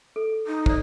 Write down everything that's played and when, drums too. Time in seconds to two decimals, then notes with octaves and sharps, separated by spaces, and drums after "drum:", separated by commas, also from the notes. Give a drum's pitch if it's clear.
0.16 A4
0.47 D#4
0.66 C5 D5, drum: kick